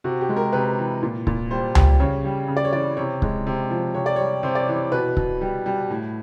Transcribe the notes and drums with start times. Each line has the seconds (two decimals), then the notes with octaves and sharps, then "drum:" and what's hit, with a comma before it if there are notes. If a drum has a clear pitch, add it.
0.04 C3 F#4
0.21 G4
0.29 G#3
0.36 A#4
0.53 C3 B4
0.78 E3
1.03 A#2
1.27 A#2, drum: kick C#1
1.51 G3 C5
1.75 G3, drum: tom C#2
2.00 C#3 C#5
2.25 G3
2.48 C#3
2.57 D5
2.65 C#5
2.73 E3 D5
2.97 C3 C#5
3.22 G#3, drum: kick C#1
3.47 C3
3.70 F3
3.94 C3 C#5
4.06 D5
4.16 G3 C#5
4.43 C3 C5
4.55 D5
4.60 C#5
4.68 E3
4.76 C#5
4.92 B2 B4
5.17 B2, drum: kick C#1
5.41 G3
5.66 G3
5.90 A2